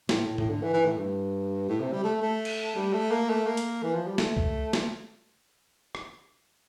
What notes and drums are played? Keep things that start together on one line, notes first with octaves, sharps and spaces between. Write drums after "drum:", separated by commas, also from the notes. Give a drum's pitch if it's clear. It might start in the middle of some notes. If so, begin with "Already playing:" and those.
A2, drum: snare
A2
A2, drum: tom G#2
D3
E3
E3
A2
G2
A2
C3
G3
A3
A3
drum: cymbal
G3
A3
A#3
A3
A#3
drum: hi-hat
E3
F3
G3
A3, drum: snare
drum: kick C2
drum: snare
drum: rim click